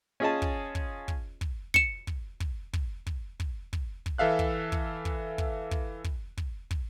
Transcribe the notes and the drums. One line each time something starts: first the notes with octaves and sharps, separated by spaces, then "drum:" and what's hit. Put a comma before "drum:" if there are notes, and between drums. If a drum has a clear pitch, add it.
C#4 F4 G#4 D#5 G#5 A5
drum: kick
drum: kick
drum: kick
drum: kick
C#7 E7, drum: kick
drum: kick
drum: kick
drum: kick
drum: kick
drum: kick
drum: kick
drum: kick
E3 A4 E5 F5 F#6
drum: kick
drum: kick
drum: kick
drum: kick
drum: kick
drum: kick
drum: kick
drum: kick